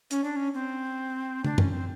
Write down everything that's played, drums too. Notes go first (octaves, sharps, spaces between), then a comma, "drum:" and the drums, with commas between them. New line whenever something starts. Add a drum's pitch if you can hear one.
C#4, drum: hi-hat
D4
C#4
C4
D4, drum: tom
C#4, drum: tom F#2
C4